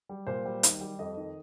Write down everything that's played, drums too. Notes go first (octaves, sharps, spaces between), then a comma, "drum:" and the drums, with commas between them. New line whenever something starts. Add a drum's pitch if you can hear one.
G3
A#2 C5
G3
D#3, drum: hi-hat
G3
F2 D#5
D#3